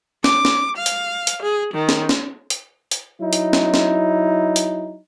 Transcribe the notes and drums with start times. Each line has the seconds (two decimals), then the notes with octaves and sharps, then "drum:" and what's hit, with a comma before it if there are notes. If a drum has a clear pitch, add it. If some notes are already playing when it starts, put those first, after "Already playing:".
0.24 D6, drum: snare
0.45 drum: snare
0.77 F5
0.86 drum: hi-hat
1.27 drum: hi-hat
1.42 G#4
1.74 D#3
1.89 drum: snare
2.09 drum: snare
2.50 drum: hi-hat
2.92 drum: hi-hat
3.21 F#3 D#4 E4
3.33 drum: hi-hat
3.53 drum: snare
3.74 drum: snare
4.56 drum: hi-hat